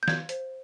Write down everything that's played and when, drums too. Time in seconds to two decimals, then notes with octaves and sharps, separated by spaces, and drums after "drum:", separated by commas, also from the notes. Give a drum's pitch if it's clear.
0.03 G6
0.08 F5 G#6, drum: snare
0.29 C5, drum: hi-hat